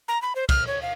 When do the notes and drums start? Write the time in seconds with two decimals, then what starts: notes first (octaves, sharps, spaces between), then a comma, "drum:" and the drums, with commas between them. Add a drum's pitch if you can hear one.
0.08 A#5
0.22 B5
0.35 C5
0.49 F6, drum: kick, cymbal
0.67 C#5
0.82 F5